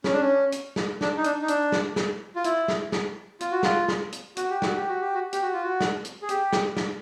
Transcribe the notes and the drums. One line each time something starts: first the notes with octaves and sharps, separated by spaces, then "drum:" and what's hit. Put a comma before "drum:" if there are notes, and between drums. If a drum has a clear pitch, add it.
C#4, drum: snare
D4
C#4
drum: hi-hat
drum: snare
D4, drum: snare
D#4
D4, drum: hi-hat
D#4
D4, drum: hi-hat
drum: snare
drum: snare
F4
E4, drum: hi-hat
drum: snare
drum: snare
F4, drum: hi-hat
F#4
F4, drum: snare
drum: snare
drum: hi-hat
F#4, drum: hi-hat
G4
F#4, drum: snare
G4
F#4
G4
F#4
G4, drum: hi-hat
F#4
F4
F#4
drum: snare
drum: hi-hat
G#4
G4, drum: hi-hat
drum: snare
drum: snare